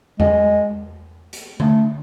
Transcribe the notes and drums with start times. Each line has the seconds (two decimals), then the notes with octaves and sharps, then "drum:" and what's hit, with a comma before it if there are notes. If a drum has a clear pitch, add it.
0.20 G#3, drum: tom E2
1.33 drum: hi-hat
1.60 A3, drum: tom D3